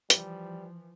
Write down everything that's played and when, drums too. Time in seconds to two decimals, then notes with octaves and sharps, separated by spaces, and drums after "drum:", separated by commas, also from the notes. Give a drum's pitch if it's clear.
0.10 E3 F3 G3, drum: hi-hat